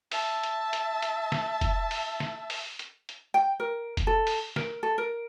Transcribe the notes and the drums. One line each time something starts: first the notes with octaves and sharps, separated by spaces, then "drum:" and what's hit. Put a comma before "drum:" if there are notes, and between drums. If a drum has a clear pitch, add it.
E5 A5, drum: open hi-hat
drum: hi-hat
drum: hi-hat
drum: hi-hat
drum: snare
drum: kick F1, hi-hat
drum: open hi-hat
drum: snare
drum: open hi-hat
drum: hi-hat
drum: hi-hat
G5
A#4
drum: kick F1, hi-hat
A4
drum: open hi-hat
A#4, drum: snare
A4
A#4